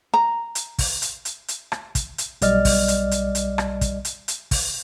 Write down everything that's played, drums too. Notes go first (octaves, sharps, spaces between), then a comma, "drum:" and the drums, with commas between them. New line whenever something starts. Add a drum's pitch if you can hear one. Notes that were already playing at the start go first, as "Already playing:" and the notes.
A#5
drum: hi-hat
drum: kick, open hi-hat
drum: hi-hat
drum: hi-hat
drum: hi-hat
drum: rim click
drum: kick, hi-hat
drum: hi-hat
B1 G3 D5 D#5 F6, drum: hi-hat
drum: kick, open hi-hat
drum: hi-hat
drum: hi-hat
drum: hi-hat
drum: rim click
drum: kick, hi-hat
drum: hi-hat
drum: hi-hat
drum: kick, open hi-hat